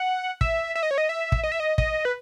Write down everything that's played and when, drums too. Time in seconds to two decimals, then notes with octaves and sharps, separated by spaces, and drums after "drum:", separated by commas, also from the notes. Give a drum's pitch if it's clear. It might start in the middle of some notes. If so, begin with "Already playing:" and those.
Already playing: F#5
0.41 E5, drum: kick
0.75 E5
0.83 D#5
0.91 C#5
0.98 D#5
1.09 E5
1.32 drum: kick
1.44 D#5
1.52 E5
1.60 D#5
1.78 D#5, drum: kick
2.05 B4